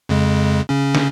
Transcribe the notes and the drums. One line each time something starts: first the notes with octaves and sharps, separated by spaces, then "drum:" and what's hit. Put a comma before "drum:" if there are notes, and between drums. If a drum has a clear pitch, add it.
F2 C#3 G#3
C#3 C#4
drum: snare